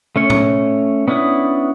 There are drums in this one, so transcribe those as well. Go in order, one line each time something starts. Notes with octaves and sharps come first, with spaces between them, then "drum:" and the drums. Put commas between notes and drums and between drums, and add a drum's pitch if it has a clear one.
A3 C#4 C#5
drum: tom A2
B3 C#4 D4 E4 D#6